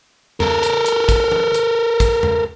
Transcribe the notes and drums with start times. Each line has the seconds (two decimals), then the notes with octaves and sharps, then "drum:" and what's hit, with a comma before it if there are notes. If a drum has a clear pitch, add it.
0.40 A4 A#4, drum: tom E2
0.63 drum: hi-hat
0.86 drum: hi-hat
1.09 drum: kick, hi-hat
1.32 drum: tom
1.54 drum: hi-hat
2.00 drum: kick, hi-hat
2.23 drum: tom E2